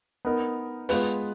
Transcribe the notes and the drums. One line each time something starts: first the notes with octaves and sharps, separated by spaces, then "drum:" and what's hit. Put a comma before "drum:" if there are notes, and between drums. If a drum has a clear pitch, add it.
B3 D#4 A#4
G#3 B3 F4 B4, drum: open hi-hat